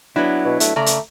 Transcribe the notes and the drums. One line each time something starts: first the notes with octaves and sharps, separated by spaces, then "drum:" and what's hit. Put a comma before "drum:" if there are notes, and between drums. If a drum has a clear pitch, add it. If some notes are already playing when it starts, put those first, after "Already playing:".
F#3 B3 D4 E4
B2
A3, drum: hi-hat
C#3 A3 D5 A#5
drum: hi-hat